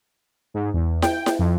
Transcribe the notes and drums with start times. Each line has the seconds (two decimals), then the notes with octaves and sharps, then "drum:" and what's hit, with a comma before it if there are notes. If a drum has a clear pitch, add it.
0.54 G#2
0.74 E2
1.02 G5, drum: snare E4
1.26 drum: snare E4
1.39 F2